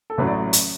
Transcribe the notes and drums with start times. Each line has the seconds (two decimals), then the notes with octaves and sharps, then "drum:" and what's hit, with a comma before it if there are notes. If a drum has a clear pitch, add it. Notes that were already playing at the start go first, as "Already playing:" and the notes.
0.10 A4
0.18 A1 A2 F#3 B4
0.27 D5
0.53 drum: hi-hat